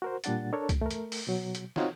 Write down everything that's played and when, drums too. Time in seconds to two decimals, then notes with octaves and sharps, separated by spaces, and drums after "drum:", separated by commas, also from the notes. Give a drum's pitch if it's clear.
0.02 F#4 A#4 C5
0.24 A#2 G3 D4 F#5 A6, drum: hi-hat
0.53 D4 A4 A#4 C#5
0.69 drum: kick, hi-hat
0.81 A3 A#4
0.91 drum: hi-hat
1.12 drum: open hi-hat
1.27 B2 F#3
1.55 drum: hi-hat
1.76 C4 D#4 F4 F#4 C#5, drum: snare